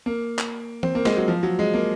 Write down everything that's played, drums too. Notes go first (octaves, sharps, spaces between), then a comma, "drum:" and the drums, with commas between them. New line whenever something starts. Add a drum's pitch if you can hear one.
A#3
drum: clap
C4, drum: tom E3
A#3
G#3, drum: snare
F#3
F3
F#3
G#3
A#3